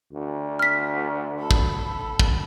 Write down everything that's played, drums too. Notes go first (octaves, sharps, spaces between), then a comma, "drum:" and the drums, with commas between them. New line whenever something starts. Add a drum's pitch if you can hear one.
D2
F6 B6
A4 B5
drum: kick
drum: kick